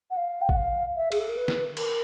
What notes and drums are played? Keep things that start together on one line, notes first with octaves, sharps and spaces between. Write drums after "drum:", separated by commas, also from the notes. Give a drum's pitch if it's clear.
F#5
F5
G5
F#5, drum: kick
F5
E5
G#4, drum: cymbal
A4
A#4
B4
drum: snare
A#4, drum: cymbal